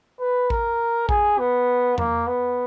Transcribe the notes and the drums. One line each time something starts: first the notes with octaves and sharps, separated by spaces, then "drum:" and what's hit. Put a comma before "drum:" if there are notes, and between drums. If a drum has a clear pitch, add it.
B4
A#4, drum: kick A1
G#4, drum: kick A1
B3
A#3, drum: tom E2
B3